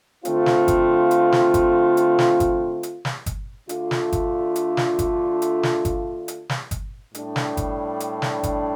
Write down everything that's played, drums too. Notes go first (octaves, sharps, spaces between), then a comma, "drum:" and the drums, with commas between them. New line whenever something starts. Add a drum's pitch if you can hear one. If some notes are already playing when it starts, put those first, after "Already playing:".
D3 A3 C4 F4, drum: hi-hat
drum: snare
drum: kick G1, hi-hat
drum: hi-hat
drum: snare
drum: kick G1, hi-hat
drum: hi-hat
drum: snare
drum: kick G1, hi-hat
drum: hi-hat
drum: snare
drum: kick G1, hi-hat
D3 A3 D4 F4, drum: hi-hat
drum: snare
drum: kick G1, hi-hat
drum: hi-hat
drum: snare
drum: kick G1, hi-hat
drum: hi-hat
drum: snare
drum: kick G1, hi-hat
drum: hi-hat
drum: snare
drum: kick G1, hi-hat
A2 G3 D4, drum: hi-hat
drum: snare
drum: kick G1, hi-hat
drum: hi-hat
drum: snare
drum: kick G1, hi-hat